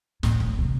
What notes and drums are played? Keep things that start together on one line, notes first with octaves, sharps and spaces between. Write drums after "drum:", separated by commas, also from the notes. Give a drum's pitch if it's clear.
A2, drum: snare
drum: kick
C3